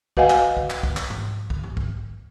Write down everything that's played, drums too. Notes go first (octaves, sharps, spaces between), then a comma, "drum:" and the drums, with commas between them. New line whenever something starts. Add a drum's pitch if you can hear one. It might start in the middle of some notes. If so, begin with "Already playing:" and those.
F#4 B4 D#5 F5 F#5 G#5, drum: kick
drum: clap
drum: kick
drum: clap
drum: kick
drum: clap
drum: tom G#2
drum: kick
drum: tom G#2
drum: kick